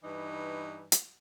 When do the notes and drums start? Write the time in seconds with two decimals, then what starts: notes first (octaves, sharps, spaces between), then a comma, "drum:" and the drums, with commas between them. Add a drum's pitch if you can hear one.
0.04 G2 E3 D#4
0.92 drum: hi-hat